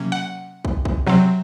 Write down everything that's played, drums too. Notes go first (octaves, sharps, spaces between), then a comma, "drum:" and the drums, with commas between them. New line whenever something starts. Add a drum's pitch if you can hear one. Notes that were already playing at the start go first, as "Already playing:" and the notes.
Already playing: C3 F#3 A#3 C#4
F#5
drum: kick
drum: kick
C3 F#3 C4